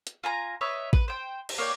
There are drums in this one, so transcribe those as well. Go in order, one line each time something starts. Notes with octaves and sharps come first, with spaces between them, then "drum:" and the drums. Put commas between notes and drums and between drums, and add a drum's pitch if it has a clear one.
drum: hi-hat
F4 G#5 A#5
B4 C#5 D#5 E5
B4, drum: kick A1
C5 G5
drum: cymbal
A#3 C#5 D5 G5